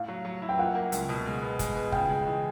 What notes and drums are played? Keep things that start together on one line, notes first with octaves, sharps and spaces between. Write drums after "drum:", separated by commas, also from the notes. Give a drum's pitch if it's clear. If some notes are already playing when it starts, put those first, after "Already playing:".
Already playing: A2 F5
F#3
F#3
E4
G5
A#3 F#5
A#3
C#2, drum: hi-hat
B2
G#3
B3
G#3, drum: kick, hi-hat
B3
C#3 G5, drum: kick
G#3
E3